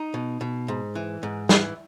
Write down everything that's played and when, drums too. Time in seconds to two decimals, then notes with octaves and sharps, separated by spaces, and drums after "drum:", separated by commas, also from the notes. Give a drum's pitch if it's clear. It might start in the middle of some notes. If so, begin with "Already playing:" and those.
Already playing: D#4
0.14 B2
0.41 B2
0.68 G#2
0.95 E3
1.23 G#2
1.49 E3, drum: snare